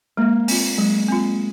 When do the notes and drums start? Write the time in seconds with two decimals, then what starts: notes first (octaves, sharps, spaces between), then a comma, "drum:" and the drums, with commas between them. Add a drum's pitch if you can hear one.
0.17 G#3 A#3
0.48 C4 F4, drum: open hi-hat
0.78 F#3 G#3
1.09 C4 F4